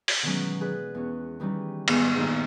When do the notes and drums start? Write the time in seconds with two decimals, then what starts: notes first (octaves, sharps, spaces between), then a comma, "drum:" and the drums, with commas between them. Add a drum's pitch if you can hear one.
0.08 drum: open hi-hat
0.23 B2 D#3 E3 F#3 G#3 C#4
0.61 G#4 B4 D5
0.95 E2 C#4
1.40 D#3 E3 G3 C#4 D#4
1.88 G#2 D#3 B3 C6, drum: cymbal
2.15 G2 A#2 D#3 D#4 G#4 C5